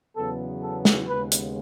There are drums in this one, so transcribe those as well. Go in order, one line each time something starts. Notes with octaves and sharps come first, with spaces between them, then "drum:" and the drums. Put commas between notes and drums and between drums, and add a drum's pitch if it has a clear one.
E2 C#3 F#3 B3 A4
A4
drum: snare
D#2 C#3 G#3 B3 B4
drum: hi-hat